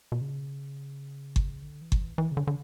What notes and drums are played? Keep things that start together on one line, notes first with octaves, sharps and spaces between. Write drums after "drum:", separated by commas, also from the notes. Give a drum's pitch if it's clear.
B2
C#3
drum: kick G1
D3
E3
F#3, drum: kick G1
E3
E3
C#3
D3
D3